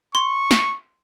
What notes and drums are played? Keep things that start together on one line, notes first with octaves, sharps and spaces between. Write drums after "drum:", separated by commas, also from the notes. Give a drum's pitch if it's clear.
C6 C#6
drum: snare